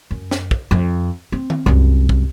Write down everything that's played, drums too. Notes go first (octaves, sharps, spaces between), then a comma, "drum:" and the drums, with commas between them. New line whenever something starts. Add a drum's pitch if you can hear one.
F#2
drum: snare
drum: kick
F2
C4
drum: tom
C2 F#2
drum: kick